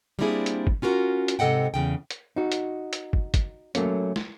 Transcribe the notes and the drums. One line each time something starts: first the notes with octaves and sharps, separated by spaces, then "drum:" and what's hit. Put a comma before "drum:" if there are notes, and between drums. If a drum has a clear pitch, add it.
G3 A#3 C4 D4 E4 G#4
drum: hi-hat
drum: kick
C#4 F4 F#4 A#4
drum: hi-hat
G#2 C3 A4 D#5 F#5 G5
E2 C#3 G5
drum: hi-hat
D#4 F#4
drum: hi-hat
drum: hi-hat
drum: kick
drum: kick, hi-hat
F#3 A3 A#3 C#4, drum: hi-hat
drum: snare